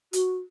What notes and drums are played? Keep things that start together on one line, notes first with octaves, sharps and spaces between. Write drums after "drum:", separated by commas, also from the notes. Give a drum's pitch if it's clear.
F#4, drum: hi-hat